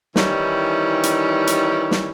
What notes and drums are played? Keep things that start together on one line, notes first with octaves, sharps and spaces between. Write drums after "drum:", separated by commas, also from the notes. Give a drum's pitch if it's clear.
D#3 E3 G3 C#4 D#4 E4, drum: snare
drum: hi-hat
drum: hi-hat
drum: snare